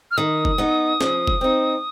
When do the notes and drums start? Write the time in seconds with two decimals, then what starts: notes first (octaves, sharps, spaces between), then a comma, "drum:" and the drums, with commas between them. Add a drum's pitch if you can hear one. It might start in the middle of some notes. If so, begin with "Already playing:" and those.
0.11 F6
0.17 D#3 D#6
0.45 drum: kick
0.58 B3 D#4
1.01 F3, drum: snare
1.27 drum: kick
1.41 C4 D#4